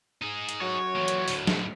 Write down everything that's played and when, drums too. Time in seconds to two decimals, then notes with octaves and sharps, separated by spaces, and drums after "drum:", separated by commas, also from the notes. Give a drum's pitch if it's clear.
0.22 D#4 G#4
0.49 drum: hi-hat
0.62 F#3 C#5
0.96 A#2 E3
1.08 drum: hi-hat
1.28 D2 A2, drum: open hi-hat
1.47 drum: snare